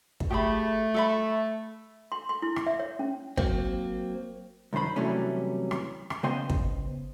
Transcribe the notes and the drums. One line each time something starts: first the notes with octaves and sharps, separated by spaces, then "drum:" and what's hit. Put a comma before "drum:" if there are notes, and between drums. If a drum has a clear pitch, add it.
drum: kick
A3 G4 G#4 B5
A4 E5 B5
C6
C6
E4
drum: rim click
E5
C#5
C#4
F#3 A#3 C4, drum: kick
C2 F#2 D#3 C5 B5
C3 E3 F#3 G3 A3 C#4
drum: rim click
drum: rim click
C#3 B3 C5 D#5 G5 C6
drum: kick